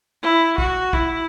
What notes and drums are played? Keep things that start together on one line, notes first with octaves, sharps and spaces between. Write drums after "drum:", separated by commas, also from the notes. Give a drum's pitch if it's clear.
E4
F#4, drum: kick
E4, drum: kick